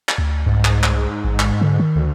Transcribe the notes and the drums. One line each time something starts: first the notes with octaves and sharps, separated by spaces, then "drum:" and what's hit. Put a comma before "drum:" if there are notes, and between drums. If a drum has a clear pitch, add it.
drum: clap
D2
C2 G#2
drum: clap
drum: clap
A1
drum: clap
D3
D#3
D2